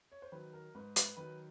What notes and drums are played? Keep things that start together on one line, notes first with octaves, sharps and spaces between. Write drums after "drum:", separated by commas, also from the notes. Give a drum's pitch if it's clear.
C#5
C5
D#3 F#3 B4
A#4
G#2 B4
B4, drum: hi-hat
D#3 F#3 B4